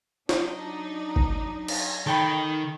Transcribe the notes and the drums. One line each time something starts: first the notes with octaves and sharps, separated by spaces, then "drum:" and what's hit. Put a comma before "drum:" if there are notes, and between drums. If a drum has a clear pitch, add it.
F#3 D4 D#4, drum: snare
drum: kick G1
drum: cymbal
D#3 A4 G5 B5